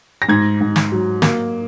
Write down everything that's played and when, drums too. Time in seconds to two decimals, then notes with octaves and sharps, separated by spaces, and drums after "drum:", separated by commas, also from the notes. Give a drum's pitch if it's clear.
0.22 A#6
0.28 G#2 G#6
0.61 G#2
0.76 drum: snare
0.92 F#3
1.22 A#3, drum: snare